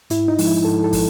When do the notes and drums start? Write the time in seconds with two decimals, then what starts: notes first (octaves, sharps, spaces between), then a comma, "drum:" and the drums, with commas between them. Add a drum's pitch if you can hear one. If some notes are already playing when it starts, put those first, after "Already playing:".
0.10 G#2 E4, drum: hi-hat
0.28 D#4
0.38 F3 G#3, drum: open hi-hat
0.47 E4
0.65 G#2 A4
0.84 A4
0.93 F3 G#3, drum: kick, open hi-hat